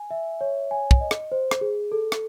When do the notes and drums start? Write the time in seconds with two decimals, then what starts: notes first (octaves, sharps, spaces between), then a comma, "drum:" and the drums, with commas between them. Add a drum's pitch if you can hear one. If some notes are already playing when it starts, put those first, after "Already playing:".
Already playing: G#5
0.11 E5
0.41 C#5
0.71 G#5
0.91 drum: kick
1.01 D#5
1.11 drum: rim click
1.32 C5
1.51 drum: rim click
1.61 G#4
1.92 A4
2.12 drum: rim click